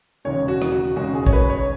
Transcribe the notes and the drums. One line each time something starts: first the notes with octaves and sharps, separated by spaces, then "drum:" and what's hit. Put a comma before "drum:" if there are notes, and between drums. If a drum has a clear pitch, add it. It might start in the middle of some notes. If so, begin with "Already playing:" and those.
E1 D#2 C#3 G#3 C#5
F#4
drum: rim click
F#4
E1 D#2 C#3 G#3 F#4
G#4
C#5, drum: kick
B4
C#5